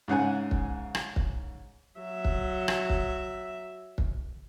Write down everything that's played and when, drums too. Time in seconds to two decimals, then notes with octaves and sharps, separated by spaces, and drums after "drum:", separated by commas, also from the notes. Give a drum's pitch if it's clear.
0.08 G#2 C#3 F#5 G#5
0.51 drum: kick
0.95 drum: rim click
1.16 drum: kick
2.00 F#3 E5
2.25 drum: kick
2.68 drum: rim click
2.90 drum: kick
3.98 drum: kick